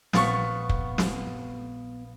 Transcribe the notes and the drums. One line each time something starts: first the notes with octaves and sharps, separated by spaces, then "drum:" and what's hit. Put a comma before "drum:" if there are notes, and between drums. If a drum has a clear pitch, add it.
A#1 B3 F5 C#6 A6, drum: snare
drum: kick
drum: snare